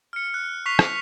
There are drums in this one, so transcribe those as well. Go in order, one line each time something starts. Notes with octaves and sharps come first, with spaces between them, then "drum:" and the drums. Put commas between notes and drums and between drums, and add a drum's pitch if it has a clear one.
F6 C#7
F#6
C#6 F#6 B6 C7 F7
drum: rim click